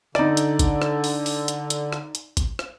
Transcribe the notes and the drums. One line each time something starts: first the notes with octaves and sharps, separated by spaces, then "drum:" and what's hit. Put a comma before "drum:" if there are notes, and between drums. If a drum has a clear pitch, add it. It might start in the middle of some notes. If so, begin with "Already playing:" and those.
D3 D#4 D5, drum: rim click
drum: hi-hat
drum: kick A1, hi-hat
drum: rim click
drum: open hi-hat
drum: open hi-hat
drum: hi-hat
drum: hi-hat
drum: rim click
drum: hi-hat
drum: kick A1, hi-hat
drum: rim click